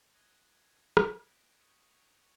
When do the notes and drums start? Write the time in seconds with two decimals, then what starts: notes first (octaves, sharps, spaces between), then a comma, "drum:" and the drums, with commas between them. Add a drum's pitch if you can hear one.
0.15 D#6 F#6 G#6 A#6 D#7 G7
0.97 drum: rim click
1.27 G6 A#6 B6 D7
1.59 C#6 D#6 B6 C#7 D#7
1.91 C#6 F#6 G#6 B6 F7